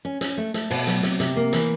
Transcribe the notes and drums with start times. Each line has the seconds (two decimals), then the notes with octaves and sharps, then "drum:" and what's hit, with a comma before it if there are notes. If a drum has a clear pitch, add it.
0.05 C#4
0.21 C#4, drum: hi-hat
0.37 A3
0.54 A3, drum: hi-hat
0.70 B2, drum: open hi-hat
0.87 F#3, drum: hi-hat
1.03 C3, drum: hi-hat
1.20 C3, drum: hi-hat
1.36 A#3
1.53 E3, drum: hi-hat